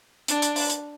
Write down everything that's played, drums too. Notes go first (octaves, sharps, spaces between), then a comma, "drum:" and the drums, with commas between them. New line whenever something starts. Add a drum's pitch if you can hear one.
D4, drum: hi-hat
drum: hi-hat
drum: open hi-hat
drum: hi-hat